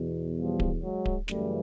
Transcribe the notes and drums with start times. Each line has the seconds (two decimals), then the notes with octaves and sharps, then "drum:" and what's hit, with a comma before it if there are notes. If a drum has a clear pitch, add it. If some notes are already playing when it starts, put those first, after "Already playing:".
Already playing: E2 B2
0.37 F3 G3
0.60 drum: kick D1
0.82 F#3 G#3
1.05 drum: kick D1
1.28 F#2 C#3 E3 G3 A3, drum: snare